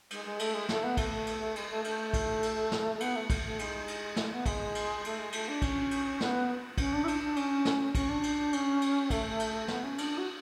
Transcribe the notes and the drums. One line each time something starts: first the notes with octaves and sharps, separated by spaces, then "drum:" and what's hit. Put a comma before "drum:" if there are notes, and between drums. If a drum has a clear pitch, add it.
G#3, drum: cymbal
G#3
A3, drum: cymbal
G#3
A3, drum: snare
B3
A3, drum: kick, cymbal
drum: cymbal
G#3, drum: cymbal
A3
A3, drum: cymbal
drum: kick, cymbal
drum: cymbal
drum: snare
B3, drum: cymbal
A3
drum: kick, cymbal
A3
G#3, drum: cymbal
drum: cymbal
A3, drum: snare
B3
G#3, drum: kick, cymbal
drum: cymbal
A3, drum: cymbal
G#3
A3, drum: cymbal
D4
C#4, drum: kick, cymbal
drum: cymbal
B3, drum: snare
C#4, drum: kick, cymbal
D4
E4
D4, drum: cymbal
D4
C#4, drum: cymbal
drum: snare
C#4, drum: kick, cymbal
D4
drum: cymbal
C#4, drum: cymbal
drum: cymbal
A3, drum: kick, cymbal
drum: cymbal
B3, drum: snare
C#4
D4, drum: cymbal
F#4